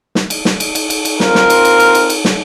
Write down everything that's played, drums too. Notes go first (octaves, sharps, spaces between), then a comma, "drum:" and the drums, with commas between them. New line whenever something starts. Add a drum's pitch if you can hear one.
drum: snare
drum: cymbal
drum: snare
drum: cymbal
drum: cymbal
drum: cymbal
drum: cymbal
C4 F4 A#4, drum: snare
drum: snare
drum: cymbal
drum: cymbal
drum: cymbal
drum: cymbal
drum: cymbal
drum: snare